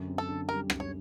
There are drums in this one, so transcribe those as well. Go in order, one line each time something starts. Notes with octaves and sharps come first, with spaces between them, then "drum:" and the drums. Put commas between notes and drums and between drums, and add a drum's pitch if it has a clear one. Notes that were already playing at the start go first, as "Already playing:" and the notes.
Already playing: F#2 D3
C4
A4
D3
G3 A#4
F#2, drum: rim click
C#5